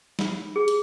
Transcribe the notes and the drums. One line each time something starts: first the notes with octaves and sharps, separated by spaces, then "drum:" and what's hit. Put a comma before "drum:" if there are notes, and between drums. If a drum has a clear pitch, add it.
B5, drum: snare
G#4
drum: hi-hat